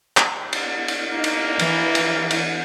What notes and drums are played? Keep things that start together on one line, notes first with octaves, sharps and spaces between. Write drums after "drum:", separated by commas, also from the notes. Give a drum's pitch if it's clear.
drum: clap
drum: cymbal
drum: cymbal
A#3 D#4
drum: cymbal
E3, drum: cymbal
drum: cymbal
drum: cymbal